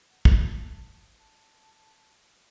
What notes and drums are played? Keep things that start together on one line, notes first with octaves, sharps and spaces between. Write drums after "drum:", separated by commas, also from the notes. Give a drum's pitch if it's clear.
F#5
G#5, drum: kick
A5
A5